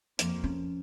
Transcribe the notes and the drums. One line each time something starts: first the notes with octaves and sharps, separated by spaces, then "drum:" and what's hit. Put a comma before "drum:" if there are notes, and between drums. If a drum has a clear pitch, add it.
F2 F3 A#3, drum: hi-hat
C#4